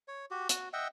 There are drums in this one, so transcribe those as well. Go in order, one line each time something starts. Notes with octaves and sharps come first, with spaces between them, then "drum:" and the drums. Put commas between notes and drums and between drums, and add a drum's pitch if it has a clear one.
C#5
F#4 G4
F#4, drum: hi-hat
D#5 E5 F#5 G5